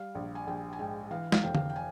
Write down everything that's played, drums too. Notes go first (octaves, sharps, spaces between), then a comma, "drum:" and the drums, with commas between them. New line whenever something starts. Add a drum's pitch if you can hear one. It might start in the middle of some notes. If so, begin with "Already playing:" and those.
Already playing: G3 F5
A#1
G#5
A#1 G5
G#5
G#2 G5
E3 F5
F5, drum: snare
F1 G5
F5, drum: tom D3
G5
G#5